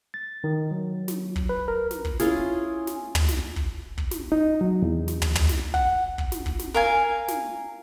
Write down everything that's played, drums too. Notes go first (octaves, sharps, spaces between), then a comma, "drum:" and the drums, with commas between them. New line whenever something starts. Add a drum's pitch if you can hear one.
A6
D#3
F#3
drum: snare
drum: kick
B4
A#4
drum: snare
drum: kick
C#4 E4 F4 G#4, drum: snare
drum: snare
drum: tom
drum: snare
drum: kick
drum: kick
drum: snare
D#4
F#3
E2
drum: snare
drum: tom
drum: tom
drum: snare
F#5, drum: kick
drum: kick
drum: snare
drum: kick
drum: snare
A#4 F5 G#5
drum: snare